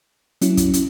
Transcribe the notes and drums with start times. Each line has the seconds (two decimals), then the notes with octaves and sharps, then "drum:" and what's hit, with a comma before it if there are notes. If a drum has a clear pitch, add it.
0.41 F#3 C#4 E4, drum: hi-hat
0.57 drum: kick, hi-hat
0.73 drum: hi-hat